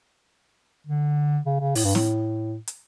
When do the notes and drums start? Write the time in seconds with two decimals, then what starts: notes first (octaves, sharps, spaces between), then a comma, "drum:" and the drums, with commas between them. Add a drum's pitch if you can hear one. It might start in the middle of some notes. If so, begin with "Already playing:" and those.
0.87 D3
1.45 C#3
1.60 C#3
1.75 A2, drum: open hi-hat
1.85 G2
1.95 A2, drum: snare
2.68 drum: hi-hat